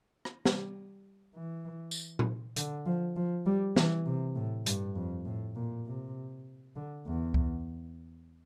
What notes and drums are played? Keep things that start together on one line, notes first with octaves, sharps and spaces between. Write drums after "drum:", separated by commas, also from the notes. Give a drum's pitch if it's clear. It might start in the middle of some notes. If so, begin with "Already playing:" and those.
drum: rim click
G3, drum: snare
E3
drum: tambourine
drum: tom A#2
D3, drum: hi-hat
F3
F3
G3
E3, drum: snare
C3
A2
G2, drum: hi-hat
F2
A2
A#2
C3
D3
E2
drum: kick C#2